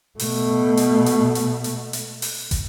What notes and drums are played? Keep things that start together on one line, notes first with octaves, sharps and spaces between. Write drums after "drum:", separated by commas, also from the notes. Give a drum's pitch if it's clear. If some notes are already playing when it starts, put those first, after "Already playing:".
B2 A3, drum: open hi-hat
drum: hi-hat
drum: hi-hat
drum: hi-hat
drum: hi-hat
drum: hi-hat
drum: open hi-hat
drum: kick, hi-hat